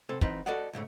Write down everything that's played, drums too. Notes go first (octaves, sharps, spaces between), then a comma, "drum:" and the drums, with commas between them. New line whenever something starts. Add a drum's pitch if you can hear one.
C3 C4 A4 B4
E3 C4 D#4 B4, drum: kick
F#4 A4 B4 D5 D#5 F#5
B1 G#2 C#3 A3